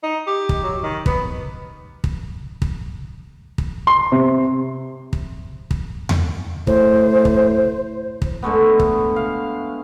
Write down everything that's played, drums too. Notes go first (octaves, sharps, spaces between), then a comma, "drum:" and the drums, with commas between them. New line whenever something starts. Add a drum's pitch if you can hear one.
D#4
G4
drum: kick
F#3
D#3
B3, drum: kick
drum: kick
drum: kick
drum: kick
C6
C3
drum: kick
drum: kick
drum: tom E2
A2 C5, drum: kick
drum: kick
drum: kick
D3 G#3 A3 B3
drum: kick
F5